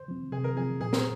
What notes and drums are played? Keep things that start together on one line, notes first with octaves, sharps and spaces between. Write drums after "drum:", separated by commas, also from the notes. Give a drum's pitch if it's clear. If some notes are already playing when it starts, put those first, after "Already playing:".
Already playing: C5
F3 C4
C3 G#4
A#4
F3 C4 G#4
A#2 G#4
A#4, drum: snare